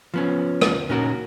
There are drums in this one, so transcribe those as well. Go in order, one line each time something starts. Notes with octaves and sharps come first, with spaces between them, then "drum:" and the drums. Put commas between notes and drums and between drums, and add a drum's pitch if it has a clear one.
F3 B3 C#4
drum: rim click
A#2 C#4 D#4 F#4 A#4